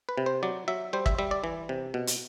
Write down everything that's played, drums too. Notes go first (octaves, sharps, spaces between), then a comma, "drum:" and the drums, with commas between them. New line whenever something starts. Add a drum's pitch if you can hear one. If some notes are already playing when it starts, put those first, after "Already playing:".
B4
C3
C5
F#3 D5
F#3 E5
G3 C5
E5, drum: kick
G3 E5
D5
E3
C3
B2
drum: hi-hat